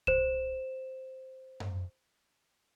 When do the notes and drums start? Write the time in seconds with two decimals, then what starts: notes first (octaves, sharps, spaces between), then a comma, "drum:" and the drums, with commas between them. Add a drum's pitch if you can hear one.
0.07 C5 E7, drum: kick C2
1.60 drum: tom F#2